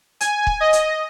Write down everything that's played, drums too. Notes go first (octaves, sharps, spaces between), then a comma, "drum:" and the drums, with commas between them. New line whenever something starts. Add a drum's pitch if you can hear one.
G#5, drum: hi-hat
drum: kick
D#5
drum: hi-hat